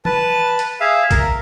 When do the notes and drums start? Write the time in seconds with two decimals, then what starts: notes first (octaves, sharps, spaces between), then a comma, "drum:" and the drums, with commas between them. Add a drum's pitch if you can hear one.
0.05 B4 A5, drum: tom
0.59 drum: hi-hat
0.80 G#4 E5 F5
1.11 A#4, drum: kick, hi-hat